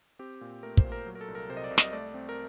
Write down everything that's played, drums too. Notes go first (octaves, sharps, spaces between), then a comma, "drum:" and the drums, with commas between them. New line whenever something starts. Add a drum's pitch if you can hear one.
C4 G4
A#2
A3 A#4
C5, drum: kick
A#2
A#4
F#3
A#4
A4
C2
A#4
C3 C5
D#5
D5
C2
D#5, drum: snare
A3 D5
C4
A#4